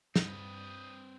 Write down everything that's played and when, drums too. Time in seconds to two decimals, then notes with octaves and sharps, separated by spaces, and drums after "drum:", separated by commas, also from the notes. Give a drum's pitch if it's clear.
0.16 G2 C4 B4 D#6, drum: snare